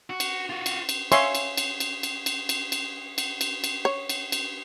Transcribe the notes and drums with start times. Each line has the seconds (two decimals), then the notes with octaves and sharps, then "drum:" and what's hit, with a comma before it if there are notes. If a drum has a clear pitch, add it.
0.10 F#4
0.20 drum: cymbal
0.50 F4 F#4
0.66 drum: cymbal
0.89 drum: cymbal
1.12 C#5 E5 F5 G#5 C6 C#6, drum: cymbal
1.35 drum: cymbal
1.57 drum: cymbal
1.80 drum: cymbal
2.03 drum: cymbal
2.26 drum: cymbal
2.49 drum: cymbal
2.72 drum: cymbal
3.18 drum: cymbal
3.41 drum: cymbal
3.64 drum: cymbal
3.85 C#5
4.09 drum: cymbal
4.32 drum: cymbal